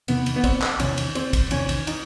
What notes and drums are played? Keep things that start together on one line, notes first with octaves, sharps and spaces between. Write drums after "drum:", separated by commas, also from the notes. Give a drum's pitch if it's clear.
E2 C3 D#3 B3, drum: cymbal
drum: cymbal
B3
C4, drum: kick, cymbal
drum: clap
E2 C3 D#3 C#4, drum: cymbal
drum: cymbal
C4, drum: cymbal
drum: kick, cymbal
E2 C3 D#3 C#4, drum: cymbal
drum: cymbal
D#4, drum: cymbal